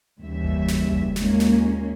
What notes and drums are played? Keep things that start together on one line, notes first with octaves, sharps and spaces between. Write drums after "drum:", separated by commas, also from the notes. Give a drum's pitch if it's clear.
D#2 C#3 E3 G3 E5
drum: kick F#1
drum: snare
drum: kick F#1
D#2 A#2 G#3 A#3 C#4, drum: snare
drum: snare